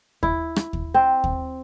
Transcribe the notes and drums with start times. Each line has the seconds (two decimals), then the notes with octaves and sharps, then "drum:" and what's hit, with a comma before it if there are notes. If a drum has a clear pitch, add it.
0.23 E4, drum: kick D#2
0.56 drum: rim click
0.73 drum: kick D#2
0.94 C4
1.24 drum: kick D#2